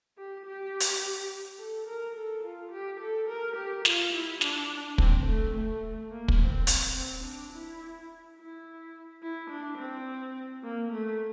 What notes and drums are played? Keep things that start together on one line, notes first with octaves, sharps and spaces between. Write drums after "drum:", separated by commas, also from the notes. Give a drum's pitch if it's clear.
G4
G4
drum: hi-hat
A4
A#4
A4
F4
G4
A4
A#4
G4
F4, drum: snare
E4
D4, drum: snare
C4, drum: kick
A3
A3
A#3
drum: kick
C4
drum: hi-hat
C4
D4
E4
E4
E4
D4
C4
A#3
A3